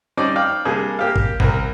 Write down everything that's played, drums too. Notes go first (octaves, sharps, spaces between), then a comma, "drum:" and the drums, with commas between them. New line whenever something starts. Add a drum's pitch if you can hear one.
G3 C4 C#4 D#4 D5
D5 F5 G5
C3 G3 A#3 D4 G#4
A#3 G4 F5
drum: kick
C2 A#4, drum: kick